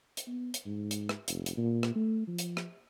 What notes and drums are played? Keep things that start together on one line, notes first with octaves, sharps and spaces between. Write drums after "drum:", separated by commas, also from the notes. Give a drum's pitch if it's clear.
drum: hi-hat
B3
drum: hi-hat
G#2
drum: hi-hat
drum: rim click
F1, drum: hi-hat
drum: hi-hat
A#2
drum: rim click
A3
F3
drum: hi-hat
drum: rim click